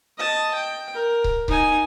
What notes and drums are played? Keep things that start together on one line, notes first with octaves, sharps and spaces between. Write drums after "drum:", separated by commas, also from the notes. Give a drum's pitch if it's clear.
D#5 A5
G5
A#4
drum: kick C#1
D#4 G#5, drum: kick C#1